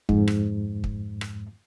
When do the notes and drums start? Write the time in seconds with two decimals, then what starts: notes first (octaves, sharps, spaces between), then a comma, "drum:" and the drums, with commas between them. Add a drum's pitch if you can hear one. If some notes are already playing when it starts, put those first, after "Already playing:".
0.09 F2 G#2, drum: kick
0.28 drum: rim click
0.84 drum: kick
1.21 drum: rim click